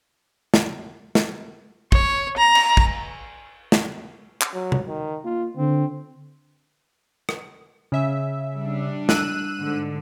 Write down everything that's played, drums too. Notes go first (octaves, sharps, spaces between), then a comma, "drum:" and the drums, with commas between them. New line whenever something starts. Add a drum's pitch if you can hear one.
drum: snare
drum: snare
C#5, drum: kick
A#5
drum: cymbal
drum: kick
drum: snare
drum: clap
F#3
drum: tom C3
D#3
A#3 F4
D3 C4
drum: rim click
C#3 E5
G3 D4
E6 F#6 D#7, drum: snare
G#2 D3